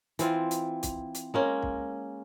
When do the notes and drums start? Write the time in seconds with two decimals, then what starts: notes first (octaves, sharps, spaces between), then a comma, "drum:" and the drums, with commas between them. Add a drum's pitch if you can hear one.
0.19 E3 C4 F4, drum: hi-hat
0.51 drum: hi-hat
0.83 drum: kick C2, hi-hat
1.15 drum: hi-hat
1.34 G#3 A#3 C#4
1.62 drum: kick C2